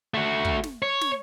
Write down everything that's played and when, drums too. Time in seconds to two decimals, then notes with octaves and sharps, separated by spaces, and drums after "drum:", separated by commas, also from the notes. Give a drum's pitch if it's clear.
0.14 A3 F#4
0.45 drum: kick
0.64 drum: snare
0.82 C#5
1.01 drum: snare